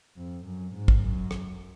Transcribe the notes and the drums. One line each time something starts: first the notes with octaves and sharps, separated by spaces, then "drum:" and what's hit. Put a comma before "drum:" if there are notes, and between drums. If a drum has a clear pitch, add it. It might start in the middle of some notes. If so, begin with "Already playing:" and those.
F2
F#2
G#2
drum: kick
F#2
drum: rim click